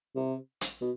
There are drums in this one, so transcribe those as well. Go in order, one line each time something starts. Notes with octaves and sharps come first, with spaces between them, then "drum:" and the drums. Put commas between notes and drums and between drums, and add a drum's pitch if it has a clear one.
C3
drum: hi-hat
B2